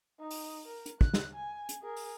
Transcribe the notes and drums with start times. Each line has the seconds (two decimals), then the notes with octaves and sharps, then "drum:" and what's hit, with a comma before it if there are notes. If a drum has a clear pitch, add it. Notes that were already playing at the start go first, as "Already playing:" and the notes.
0.20 D#4
0.31 drum: open hi-hat
0.65 A#4
0.86 drum: hi-hat
1.01 F#6, drum: kick
1.14 drum: snare
1.34 G#5
1.69 drum: hi-hat
1.83 G#4 A#4
1.96 drum: open hi-hat